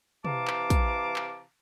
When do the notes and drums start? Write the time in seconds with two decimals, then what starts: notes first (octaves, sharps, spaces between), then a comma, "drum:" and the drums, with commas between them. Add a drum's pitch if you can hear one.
0.25 C3 E3 F5 A5 A#5 D6, drum: tom
0.47 drum: clap
0.70 drum: kick, hi-hat
1.16 drum: clap